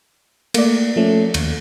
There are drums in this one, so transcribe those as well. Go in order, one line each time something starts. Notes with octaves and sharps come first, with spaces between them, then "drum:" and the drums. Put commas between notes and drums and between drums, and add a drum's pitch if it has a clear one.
A3 A#3 D5, drum: cymbal
F3 A3 C#4
D#2, drum: cymbal